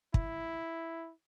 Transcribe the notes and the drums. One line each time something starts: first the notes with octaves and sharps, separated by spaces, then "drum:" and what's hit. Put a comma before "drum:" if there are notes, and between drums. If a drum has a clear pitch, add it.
E4, drum: kick